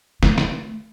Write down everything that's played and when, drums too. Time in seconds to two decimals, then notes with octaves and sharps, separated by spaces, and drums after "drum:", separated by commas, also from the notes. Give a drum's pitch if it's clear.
0.23 A3, drum: snare
0.38 drum: snare